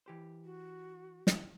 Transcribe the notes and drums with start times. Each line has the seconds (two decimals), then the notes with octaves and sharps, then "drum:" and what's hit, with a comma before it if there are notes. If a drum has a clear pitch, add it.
0.06 E3 G4 C5
0.44 F#4
1.27 drum: snare